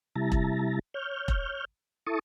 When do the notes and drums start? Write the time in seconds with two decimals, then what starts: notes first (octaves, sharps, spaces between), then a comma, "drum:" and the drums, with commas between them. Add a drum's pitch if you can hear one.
0.16 C3 G3 E4 A5 A#5
0.32 drum: kick E1
0.94 C#5 F6 G6
1.28 drum: kick E1
2.07 E4 A4 A5 C#6 D#6